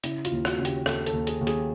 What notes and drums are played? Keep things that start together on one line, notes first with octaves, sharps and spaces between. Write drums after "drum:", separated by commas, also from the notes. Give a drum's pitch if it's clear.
C#3 E4, drum: hi-hat
F4, drum: hi-hat
D#2
F#4, drum: rim click
C#3
G4, drum: hi-hat
D#2 A4, drum: rim click
A4, drum: hi-hat
D#2
G#4, drum: hi-hat
D#2
G#4, drum: hi-hat